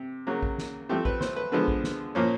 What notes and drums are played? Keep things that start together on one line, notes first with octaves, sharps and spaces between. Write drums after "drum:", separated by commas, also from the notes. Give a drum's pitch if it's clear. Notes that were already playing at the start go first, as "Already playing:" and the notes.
Already playing: C3
C#3 F#3 A#3
drum: kick
drum: snare
F3 A3 C4 G4
B4, drum: kick
C5, drum: snare
B4
D3 F3 G#3 B3 B4
drum: kick
drum: snare
A#2 F3 A#3 C#4